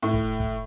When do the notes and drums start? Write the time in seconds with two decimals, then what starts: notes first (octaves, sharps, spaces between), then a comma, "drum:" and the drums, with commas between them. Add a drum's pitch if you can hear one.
0.03 A2
0.13 drum: kick
0.40 drum: kick